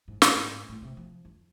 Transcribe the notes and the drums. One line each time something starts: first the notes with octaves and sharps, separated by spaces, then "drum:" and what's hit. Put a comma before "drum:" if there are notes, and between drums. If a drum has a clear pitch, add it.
G#2
A#2, drum: snare
G#2
A2
C3
F3
F2